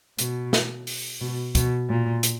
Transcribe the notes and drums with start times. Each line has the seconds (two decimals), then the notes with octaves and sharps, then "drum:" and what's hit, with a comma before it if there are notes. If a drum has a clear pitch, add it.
0.19 B2, drum: hi-hat
0.53 drum: snare
0.87 drum: open hi-hat
1.21 B2
1.55 B2, drum: kick, hi-hat
1.89 A#2
2.23 drum: hi-hat